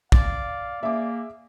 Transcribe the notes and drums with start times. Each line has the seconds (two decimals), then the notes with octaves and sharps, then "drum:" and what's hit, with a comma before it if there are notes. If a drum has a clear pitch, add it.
0.12 D5 F5, drum: kick
0.83 A#3 G#4 E5 D6